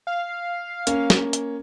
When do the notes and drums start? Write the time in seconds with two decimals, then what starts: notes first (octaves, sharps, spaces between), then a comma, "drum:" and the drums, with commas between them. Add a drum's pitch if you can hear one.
0.07 F5
0.87 A#3 C#4, drum: hi-hat
1.10 drum: snare
1.33 drum: hi-hat